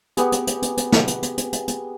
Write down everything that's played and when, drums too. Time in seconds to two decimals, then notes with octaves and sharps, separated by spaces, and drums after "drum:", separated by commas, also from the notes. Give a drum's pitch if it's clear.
0.17 B3 G4 G#4, drum: hi-hat
0.32 drum: hi-hat
0.47 drum: hi-hat
0.62 drum: hi-hat
0.77 drum: hi-hat
0.92 drum: snare
1.07 drum: hi-hat
1.22 drum: hi-hat
1.38 drum: hi-hat
1.53 drum: hi-hat
1.68 drum: hi-hat